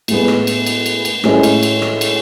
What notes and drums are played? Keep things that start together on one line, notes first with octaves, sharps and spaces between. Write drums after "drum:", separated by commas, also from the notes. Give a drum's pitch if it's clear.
A2 G#3 B3, drum: cymbal
drum: rim click
drum: cymbal
drum: cymbal
drum: cymbal
drum: cymbal
A2 G#3 C#4 E4, drum: rim click
drum: cymbal
drum: cymbal
drum: rim click
drum: cymbal